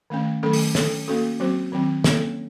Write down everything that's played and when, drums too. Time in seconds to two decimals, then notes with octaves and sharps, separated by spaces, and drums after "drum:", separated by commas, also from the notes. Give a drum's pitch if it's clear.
0.10 D#3 A3 C#4
0.43 D#3 F#3 A3 C#4 A4
0.53 drum: open hi-hat
0.75 C#4 A4 C#5, drum: snare
1.08 A#3 C#4 F#4 A4
1.40 F#3 C4 F#4 C5
1.72 D#3 F#3 C4
2.04 A#3 C#4 A4 C#5, drum: snare